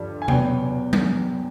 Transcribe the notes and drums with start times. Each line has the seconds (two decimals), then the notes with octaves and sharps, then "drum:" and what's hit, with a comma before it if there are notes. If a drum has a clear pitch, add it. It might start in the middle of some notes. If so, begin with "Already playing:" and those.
Already playing: G2 D3 F3
0.22 G#5
0.28 E2 B2 F#3 B3 G5, drum: tom B2
0.93 drum: tom F#3